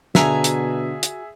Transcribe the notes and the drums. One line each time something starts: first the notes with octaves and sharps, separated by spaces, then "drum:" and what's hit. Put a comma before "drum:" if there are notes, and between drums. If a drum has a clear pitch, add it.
B2 D3 F#4 G#4 E5 G#5 A#5, drum: snare
drum: hi-hat
drum: hi-hat